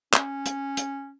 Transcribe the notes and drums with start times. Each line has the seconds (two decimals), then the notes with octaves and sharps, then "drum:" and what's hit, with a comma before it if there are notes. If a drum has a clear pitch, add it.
0.14 C#4, drum: clap
0.46 drum: hi-hat
0.77 drum: hi-hat